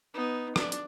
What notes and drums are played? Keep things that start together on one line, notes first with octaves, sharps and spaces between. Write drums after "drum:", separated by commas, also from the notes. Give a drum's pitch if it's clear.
B3 D#4
D4 D5, drum: rim click
drum: hi-hat